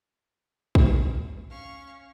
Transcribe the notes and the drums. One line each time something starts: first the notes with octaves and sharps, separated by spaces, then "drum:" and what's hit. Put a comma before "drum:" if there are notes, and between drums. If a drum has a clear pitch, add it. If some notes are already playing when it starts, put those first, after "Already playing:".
drum: kick
C#4 F5 C#6